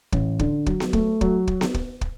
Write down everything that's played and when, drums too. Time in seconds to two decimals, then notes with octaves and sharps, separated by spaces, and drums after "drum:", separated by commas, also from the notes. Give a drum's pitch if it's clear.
0.12 A1, drum: kick
0.39 D3, drum: kick
0.66 F#3, drum: kick
0.80 drum: snare B3
0.93 A3, drum: kick
1.21 F#3, drum: kick
1.47 drum: kick
1.61 drum: snare B3
1.74 drum: kick
2.01 drum: kick